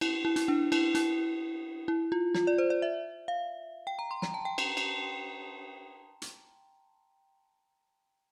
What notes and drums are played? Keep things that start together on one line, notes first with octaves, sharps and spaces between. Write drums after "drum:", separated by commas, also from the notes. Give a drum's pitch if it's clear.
E4, drum: cymbal
E4
E4, drum: hi-hat
D4
E4, drum: cymbal
E4, drum: hi-hat
E4
F4
F4, drum: snare
D5
C5
D5
E5
F5
G5
A#5
C6
A#5, drum: snare
A5
G5
drum: cymbal
drum: cymbal
drum: hi-hat